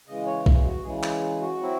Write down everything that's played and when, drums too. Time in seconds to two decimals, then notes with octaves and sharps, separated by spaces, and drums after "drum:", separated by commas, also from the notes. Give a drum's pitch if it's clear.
0.07 C#3 E3 G#3 D#5
0.26 C#5
0.46 G#4, drum: kick A#1
0.65 F#4
0.84 C#3 E3 G#3 G#4
1.03 G#4, drum: clap
1.23 G#4
1.41 F#4
1.60 F#3 C4 E4